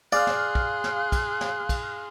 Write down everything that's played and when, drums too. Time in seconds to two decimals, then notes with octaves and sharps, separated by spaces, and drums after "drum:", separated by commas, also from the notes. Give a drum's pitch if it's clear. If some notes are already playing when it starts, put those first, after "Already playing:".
0.12 G#4 D5 F5 C6 F6 F#6
0.27 drum: snare
0.55 drum: kick
0.84 drum: snare
1.12 drum: kick, cymbal
1.41 drum: snare
1.69 drum: kick, cymbal